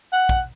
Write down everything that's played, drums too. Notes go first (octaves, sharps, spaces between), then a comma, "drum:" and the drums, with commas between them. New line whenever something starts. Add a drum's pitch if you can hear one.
F#5
drum: kick